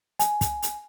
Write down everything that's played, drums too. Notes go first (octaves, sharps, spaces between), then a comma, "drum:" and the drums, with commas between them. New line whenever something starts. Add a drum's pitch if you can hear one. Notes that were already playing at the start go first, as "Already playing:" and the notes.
G#5, drum: hi-hat
drum: kick, hi-hat
drum: hi-hat